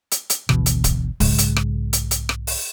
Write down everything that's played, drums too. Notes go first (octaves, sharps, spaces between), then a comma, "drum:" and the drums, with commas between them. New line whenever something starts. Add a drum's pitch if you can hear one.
drum: hi-hat
drum: hi-hat
G#1 D2 B2 E3, drum: rim click
drum: hi-hat
drum: kick D1, hi-hat
B1 G#2 C#3 G#3, drum: kick D1, open hi-hat
drum: hi-hat
drum: rim click
drum: hi-hat
drum: hi-hat
drum: rim click
drum: open hi-hat